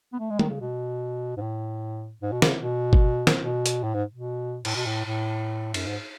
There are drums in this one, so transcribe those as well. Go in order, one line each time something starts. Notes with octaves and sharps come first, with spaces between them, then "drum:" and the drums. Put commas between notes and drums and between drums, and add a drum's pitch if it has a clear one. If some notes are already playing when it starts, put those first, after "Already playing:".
B3
A3
G#3
D#3, drum: tom
C#3
B2
G#2
A2
G#2
B2
C#3, drum: snare
B2
drum: kick G1
drum: snare
B2
drum: hi-hat
A2
G#2
B2
A2, drum: cymbal
B2
A2
A2
F#2, drum: cymbal
G#2